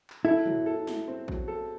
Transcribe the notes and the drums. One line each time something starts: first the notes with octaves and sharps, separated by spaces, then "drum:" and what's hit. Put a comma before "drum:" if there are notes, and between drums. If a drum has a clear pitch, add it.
drum: clap
E4 A4
F#3, drum: tom
A4
E4, drum: snare
C4
F#3, drum: kick
A4